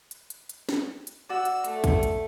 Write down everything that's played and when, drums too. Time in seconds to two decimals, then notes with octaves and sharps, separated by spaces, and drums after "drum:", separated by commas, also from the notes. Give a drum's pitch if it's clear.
0.11 drum: hi-hat
0.30 drum: hi-hat
0.49 drum: hi-hat
0.69 drum: snare
1.07 drum: hi-hat
1.29 F#4 D5 E6
1.45 drum: hi-hat
1.64 A3, drum: hi-hat
1.84 drum: kick, hi-hat
2.03 drum: hi-hat